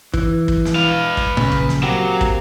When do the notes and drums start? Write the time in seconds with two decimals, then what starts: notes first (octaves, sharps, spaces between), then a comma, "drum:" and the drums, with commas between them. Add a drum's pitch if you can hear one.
0.14 E3, drum: kick
0.48 drum: kick
0.65 drum: snare
0.75 B4 F5
1.17 drum: kick
1.37 A#2 C#3, drum: tom
1.52 drum: kick
1.69 drum: snare
1.83 F#3 A#3 C4 G4
2.21 drum: kick